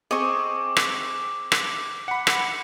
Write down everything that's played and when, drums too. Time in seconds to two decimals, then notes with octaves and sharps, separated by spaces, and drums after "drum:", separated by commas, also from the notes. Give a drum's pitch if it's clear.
0.11 C4 G#4 D#5 C#6 D6
0.77 drum: rim click
1.52 drum: rim click
2.08 F#5 B5 C#7
2.27 drum: rim click